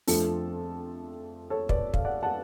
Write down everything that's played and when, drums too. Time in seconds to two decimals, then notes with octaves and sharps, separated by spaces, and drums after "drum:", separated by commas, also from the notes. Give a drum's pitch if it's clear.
0.07 F2 F3 A3 D4 A4, drum: open hi-hat
1.50 A4 C#5
1.69 B4 D5, drum: kick
1.94 F5, drum: kick
2.05 D5 F#5
2.23 F#5 A5